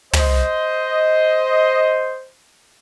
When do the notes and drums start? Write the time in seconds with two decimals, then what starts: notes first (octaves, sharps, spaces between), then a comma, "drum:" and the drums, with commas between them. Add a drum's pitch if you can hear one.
0.13 C5 D#5, drum: tom